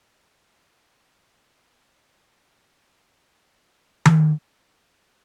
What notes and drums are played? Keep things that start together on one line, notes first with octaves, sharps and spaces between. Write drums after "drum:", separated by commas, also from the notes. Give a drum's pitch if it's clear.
G#2 A3
A2 A4 F5
E2 C#3
A3 A#3 G4
C#4 D#4
drum: tom D#3
C#3 G3 A3 B3 D4